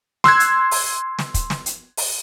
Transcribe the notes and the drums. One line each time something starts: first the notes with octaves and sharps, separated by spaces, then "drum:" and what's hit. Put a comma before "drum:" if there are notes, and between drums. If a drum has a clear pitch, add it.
C6 E6 F#6 G#6, drum: snare
drum: hi-hat
drum: open hi-hat
drum: snare
drum: kick, hi-hat
drum: snare
drum: hi-hat
drum: open hi-hat